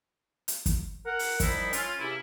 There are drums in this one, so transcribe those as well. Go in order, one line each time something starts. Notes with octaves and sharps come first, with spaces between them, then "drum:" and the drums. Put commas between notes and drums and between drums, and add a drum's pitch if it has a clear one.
drum: hi-hat
drum: kick, hi-hat
A#4 F#5
drum: open hi-hat
D#3 F3 G3 D#4 E4, drum: kick, hi-hat
C#4 F4, drum: hi-hat
C#2 C3 C#4 E4